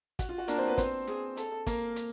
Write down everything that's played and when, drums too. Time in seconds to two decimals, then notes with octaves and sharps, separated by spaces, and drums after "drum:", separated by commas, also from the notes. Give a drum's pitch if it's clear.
0.19 F#4, drum: kick, hi-hat
0.29 F4
0.38 F#4
0.48 A#3 D4 A#4, drum: hi-hat
0.58 C4 C5
0.68 B3 B4
0.78 C4 C5, drum: kick, hi-hat
1.07 G#4, drum: snare
1.37 A4, drum: hi-hat
1.67 A#3 A#4, drum: kick, hi-hat
1.96 drum: hi-hat